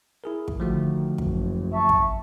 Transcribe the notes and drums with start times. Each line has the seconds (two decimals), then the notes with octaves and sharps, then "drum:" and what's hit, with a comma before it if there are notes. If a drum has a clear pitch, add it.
0.24 E4 G#4 A#4
0.48 drum: kick
0.60 D3 D#3 F3 A3 F#4
1.18 F#1, drum: kick
1.73 E5 A5 C#6
1.89 drum: kick